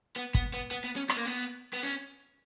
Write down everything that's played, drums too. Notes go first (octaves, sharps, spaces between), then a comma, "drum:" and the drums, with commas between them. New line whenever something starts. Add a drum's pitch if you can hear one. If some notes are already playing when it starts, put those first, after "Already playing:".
B3
B3, drum: kick
B3
B3
B3
C#4
B3, drum: rim click
A#3
B3
B3
C#4